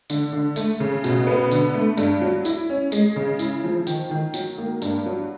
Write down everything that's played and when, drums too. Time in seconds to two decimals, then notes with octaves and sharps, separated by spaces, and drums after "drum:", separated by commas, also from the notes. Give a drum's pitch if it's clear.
0.10 D3, drum: tambourine
0.33 D3
0.56 A3, drum: tambourine
0.80 C#3
1.04 B2, drum: tambourine
1.27 B3
1.51 D3, drum: tambourine
1.74 A3
1.97 G2, drum: tambourine
2.21 F#3
2.45 E4, drum: tambourine
2.70 C#4
2.92 G#3, drum: tambourine
3.16 C#3
3.39 E4, drum: tambourine
3.64 F3
3.87 D#3, drum: tambourine
4.11 D#3
4.34 F#3, drum: tambourine
4.58 A#3
4.82 G2, drum: tambourine
5.06 F#3